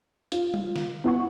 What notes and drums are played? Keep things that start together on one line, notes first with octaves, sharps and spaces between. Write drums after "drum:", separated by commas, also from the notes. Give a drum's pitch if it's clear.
F4, drum: hi-hat
drum: tom G3
drum: snare
B3 E4 F#5 C#6